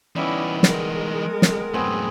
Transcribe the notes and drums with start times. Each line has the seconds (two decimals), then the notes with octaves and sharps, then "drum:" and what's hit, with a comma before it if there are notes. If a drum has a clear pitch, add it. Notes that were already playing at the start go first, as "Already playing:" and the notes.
0.16 E3 G3 B3 C#4 D#4 E4 D6
0.63 G#3 A#4, drum: snare
1.42 drum: snare
1.74 F#2 A2 B3 C4 G#4